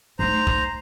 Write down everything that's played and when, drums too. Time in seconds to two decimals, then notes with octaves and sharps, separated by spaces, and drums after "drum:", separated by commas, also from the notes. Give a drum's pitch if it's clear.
0.19 A3 D#4 C5 A#5
0.47 drum: kick